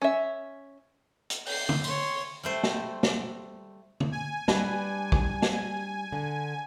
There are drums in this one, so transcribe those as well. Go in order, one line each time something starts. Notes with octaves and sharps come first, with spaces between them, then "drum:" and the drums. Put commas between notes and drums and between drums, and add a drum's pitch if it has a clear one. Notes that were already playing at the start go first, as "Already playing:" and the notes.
C#4 E5
drum: hi-hat
G6 C7, drum: open hi-hat
drum: tom C#3
C#5 C6, drum: tambourine
G3 A3 C5
drum: snare
drum: snare
drum: tom C#3
G#5
G3 D4 B4, drum: snare
drum: kick
drum: snare
D3